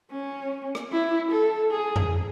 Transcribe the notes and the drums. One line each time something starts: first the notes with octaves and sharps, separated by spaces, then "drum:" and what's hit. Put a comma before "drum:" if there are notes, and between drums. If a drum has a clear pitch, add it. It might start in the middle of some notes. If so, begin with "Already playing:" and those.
C#4
drum: rim click
E4
A4
G#4
drum: tom F2